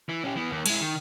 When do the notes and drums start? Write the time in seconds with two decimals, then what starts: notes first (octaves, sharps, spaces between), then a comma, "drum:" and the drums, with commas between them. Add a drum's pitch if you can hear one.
0.09 E3
0.24 C#4 G4
0.36 E3 B3
0.51 D#2
0.66 G#3 E4, drum: cymbal
0.81 D#3